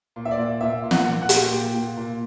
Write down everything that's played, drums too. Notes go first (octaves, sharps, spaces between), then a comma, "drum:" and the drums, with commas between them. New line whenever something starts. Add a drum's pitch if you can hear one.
A#2
E5
D5
A#2
A#2 E5
A#2
F#5, drum: snare
A#2
F#5
A#2, drum: hi-hat
A#2 G5
A#2
A#2